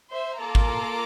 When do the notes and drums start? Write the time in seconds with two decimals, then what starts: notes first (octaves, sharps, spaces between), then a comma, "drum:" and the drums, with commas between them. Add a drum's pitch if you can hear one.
0.12 C5 E5
0.40 A#3 F4 A4 A#5 D6
0.55 drum: kick G#1